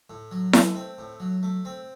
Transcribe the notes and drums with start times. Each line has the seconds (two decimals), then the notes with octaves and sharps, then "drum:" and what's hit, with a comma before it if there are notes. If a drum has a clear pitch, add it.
0.10 A2
0.31 F#3
0.53 A3, drum: snare E4
0.75 C4
0.98 A2
1.20 F#3
1.43 A3
1.65 C4